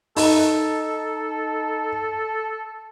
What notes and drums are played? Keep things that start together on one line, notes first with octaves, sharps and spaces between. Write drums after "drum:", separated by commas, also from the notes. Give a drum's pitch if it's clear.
D#4 A4, drum: open hi-hat